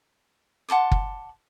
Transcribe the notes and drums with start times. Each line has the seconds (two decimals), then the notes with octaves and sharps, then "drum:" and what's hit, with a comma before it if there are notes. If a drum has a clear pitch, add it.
0.69 F#5 A5 C6 D6
0.92 drum: kick